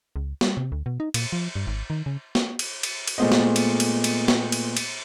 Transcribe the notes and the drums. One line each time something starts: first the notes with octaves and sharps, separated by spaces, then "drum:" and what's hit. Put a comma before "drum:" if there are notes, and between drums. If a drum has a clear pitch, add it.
C#2
G3, drum: snare
C3
D2
B2
D#4
A#2, drum: cymbal
F3
G2
G#1
D#3
C#3
drum: snare
drum: cymbal
drum: cymbal
drum: cymbal
A#2 G#3 A3 B3 C5 D#5
drum: snare
drum: cymbal
drum: cymbal
drum: cymbal
drum: snare
drum: cymbal
drum: cymbal